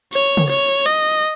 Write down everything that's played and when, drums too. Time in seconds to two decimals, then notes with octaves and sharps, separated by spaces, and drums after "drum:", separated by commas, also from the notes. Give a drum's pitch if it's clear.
0.13 C#5, drum: hi-hat
0.37 drum: tom
0.49 C#5
0.85 D#5, drum: hi-hat